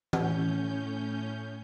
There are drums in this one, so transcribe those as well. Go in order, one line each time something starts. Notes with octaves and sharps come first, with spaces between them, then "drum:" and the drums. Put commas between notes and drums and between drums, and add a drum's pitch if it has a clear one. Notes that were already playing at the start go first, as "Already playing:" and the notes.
A2 C#4 G6, drum: tom E3